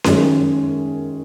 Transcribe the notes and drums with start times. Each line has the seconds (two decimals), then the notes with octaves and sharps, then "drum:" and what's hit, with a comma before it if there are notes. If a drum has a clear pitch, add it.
0.04 F#2 D#3 G#3 C#4, drum: snare C#4